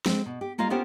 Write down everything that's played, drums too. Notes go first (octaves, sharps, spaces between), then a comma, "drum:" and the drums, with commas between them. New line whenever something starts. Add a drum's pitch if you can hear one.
G#3 C4, drum: snare
B2
G4
G3 A#3 F4 D#5 F5
B3 C#4 F4 G4 A#4 C5